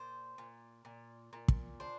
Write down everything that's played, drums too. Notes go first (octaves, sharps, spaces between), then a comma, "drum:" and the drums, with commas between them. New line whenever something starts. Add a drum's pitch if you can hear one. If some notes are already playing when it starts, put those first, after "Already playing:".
Already playing: A#2 C5
A#2
A#2
A#2
drum: kick
D4 C5